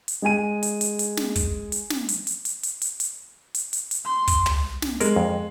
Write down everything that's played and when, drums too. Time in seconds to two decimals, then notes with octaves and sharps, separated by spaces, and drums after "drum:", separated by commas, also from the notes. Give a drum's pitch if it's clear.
0.08 drum: hi-hat
0.22 G#3 G#4 G#5 D#7
0.63 drum: hi-hat
0.81 drum: hi-hat
0.99 drum: hi-hat
1.17 drum: snare
1.36 drum: kick, hi-hat
1.72 drum: hi-hat
1.90 drum: snare
2.09 drum: hi-hat
2.27 drum: hi-hat
2.45 drum: hi-hat
2.63 drum: hi-hat
2.82 drum: hi-hat
3.00 drum: hi-hat
3.55 drum: hi-hat
3.73 drum: hi-hat
3.91 drum: hi-hat
4.05 C6
4.28 drum: kick, hi-hat
4.46 drum: tom
4.82 drum: snare
5.00 G#3 A#4, drum: hi-hat
5.16 F2